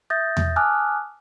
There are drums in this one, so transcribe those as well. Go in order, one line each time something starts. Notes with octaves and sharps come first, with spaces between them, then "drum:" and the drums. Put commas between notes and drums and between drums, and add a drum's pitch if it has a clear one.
E5 D#6 G6 A6 A#6
drum: tom E2
G#5 A5 D6 D#6 F6 F#6